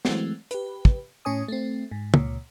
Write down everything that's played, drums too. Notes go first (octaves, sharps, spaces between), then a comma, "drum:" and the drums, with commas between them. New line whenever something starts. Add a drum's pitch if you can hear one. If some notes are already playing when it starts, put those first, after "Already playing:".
E3 F#3 G#3 A3 C4, drum: snare
G4 B4, drum: hi-hat
drum: kick
A2 C#4 C#5 G#5 D#6
A3 C4
G#2
C#2 A#2, drum: tom